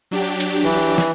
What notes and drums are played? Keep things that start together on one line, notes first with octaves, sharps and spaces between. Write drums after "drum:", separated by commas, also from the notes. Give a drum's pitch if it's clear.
F#3 D4 G4
drum: hi-hat
E3
drum: snare